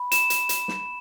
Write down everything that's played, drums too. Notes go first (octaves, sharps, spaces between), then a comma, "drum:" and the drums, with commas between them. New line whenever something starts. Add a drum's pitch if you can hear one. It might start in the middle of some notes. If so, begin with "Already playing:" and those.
Already playing: B5
E7, drum: hi-hat
drum: hi-hat
drum: hi-hat
drum: snare